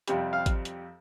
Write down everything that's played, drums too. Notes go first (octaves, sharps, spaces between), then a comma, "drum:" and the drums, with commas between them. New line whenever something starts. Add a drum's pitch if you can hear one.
F2 C3 G3, drum: hi-hat
F5
drum: kick, hi-hat
drum: hi-hat